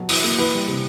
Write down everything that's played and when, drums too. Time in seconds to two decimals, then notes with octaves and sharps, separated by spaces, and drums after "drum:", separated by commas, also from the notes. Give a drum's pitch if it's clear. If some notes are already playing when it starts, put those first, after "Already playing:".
Already playing: B2 F#3
0.09 E2, drum: open hi-hat
0.24 A#3
0.39 E3 B4
0.53 G3
0.68 C3